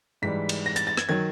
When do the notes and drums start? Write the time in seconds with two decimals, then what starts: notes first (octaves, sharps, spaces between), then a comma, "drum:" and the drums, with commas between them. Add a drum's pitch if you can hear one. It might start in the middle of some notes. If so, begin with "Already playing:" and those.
0.22 G#2 E3 G3 B6
0.49 drum: cymbal
0.66 A#6
0.76 A6, drum: hi-hat
0.87 A6
0.97 G#6, drum: rim click
1.09 D#3 F#3 G#6